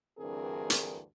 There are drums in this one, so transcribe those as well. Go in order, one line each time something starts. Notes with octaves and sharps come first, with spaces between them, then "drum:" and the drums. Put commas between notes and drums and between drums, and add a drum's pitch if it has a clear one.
D2 G2 E3 C4 G#4 A#4
drum: hi-hat